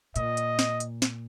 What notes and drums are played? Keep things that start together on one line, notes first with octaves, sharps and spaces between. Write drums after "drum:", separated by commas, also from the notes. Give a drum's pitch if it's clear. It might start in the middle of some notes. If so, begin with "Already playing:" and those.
A#2 D#5, drum: hi-hat
drum: hi-hat
drum: snare
drum: hi-hat
drum: snare